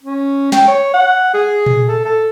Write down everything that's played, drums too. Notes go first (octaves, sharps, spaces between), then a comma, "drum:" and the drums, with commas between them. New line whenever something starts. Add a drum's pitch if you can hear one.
C#4
G5, drum: snare
C#5
F#5
G#4
drum: tom A#2
A4
A4